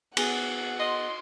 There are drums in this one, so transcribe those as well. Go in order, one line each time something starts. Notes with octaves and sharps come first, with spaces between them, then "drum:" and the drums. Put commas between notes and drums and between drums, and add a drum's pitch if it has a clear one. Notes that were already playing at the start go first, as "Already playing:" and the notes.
B3 G#4 F#5, drum: cymbal
D#5 C6